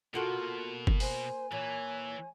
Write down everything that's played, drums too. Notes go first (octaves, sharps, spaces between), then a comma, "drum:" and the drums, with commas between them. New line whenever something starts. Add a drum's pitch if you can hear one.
B2 A#3 F4 F#4 A4
drum: kick G1
C5 G#5, drum: open hi-hat
A#2 E3 C#5